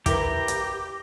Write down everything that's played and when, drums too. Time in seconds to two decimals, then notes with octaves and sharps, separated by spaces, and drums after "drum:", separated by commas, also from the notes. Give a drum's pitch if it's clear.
0.06 E4 G4 A#4 B4 A#5, drum: kick, hi-hat
0.48 drum: hi-hat